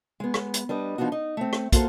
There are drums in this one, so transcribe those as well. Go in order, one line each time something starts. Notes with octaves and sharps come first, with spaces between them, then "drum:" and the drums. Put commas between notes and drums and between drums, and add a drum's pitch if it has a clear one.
G#3 B3
drum: rim click
drum: hi-hat
G3 D4 B4 D#5
F3 B3 D4 D#4 F#4
D#4
A3 C4
drum: rim click
A#3 F4 F#4 A4 C5, drum: kick, hi-hat